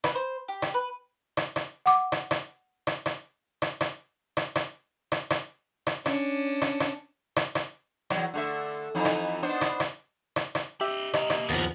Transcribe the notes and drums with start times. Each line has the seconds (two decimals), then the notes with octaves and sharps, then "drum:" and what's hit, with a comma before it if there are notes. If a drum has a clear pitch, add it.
0.04 B4, drum: rim click
0.15 C5
0.48 G4
0.62 drum: rim click
0.74 B4
1.37 drum: rim click
1.56 drum: rim click
1.86 F#5 D6
2.12 drum: rim click
2.31 drum: rim click
2.87 drum: rim click
3.06 drum: rim click
3.62 drum: rim click
3.81 drum: rim click
4.37 drum: rim click
4.55 drum: rim click
5.12 drum: rim click
5.30 drum: rim click
5.87 drum: rim click
6.06 C#4 D4, drum: rim click
6.61 drum: rim click
6.80 drum: rim click
7.36 drum: rim click
7.55 drum: rim click
8.10 E2 F#3, drum: rim click
8.34 D3 A3 E5
8.95 F2 E3 D#4
9.05 drum: rim click
9.42 B3 D4 C5
9.61 drum: rim click
9.80 drum: rim click
10.36 drum: rim click
10.55 drum: rim click
10.81 D4 G4 D#5 E5
11.14 B2 A#3 D#5, drum: rim click
11.30 drum: rim click
11.50 D#2 F3 B3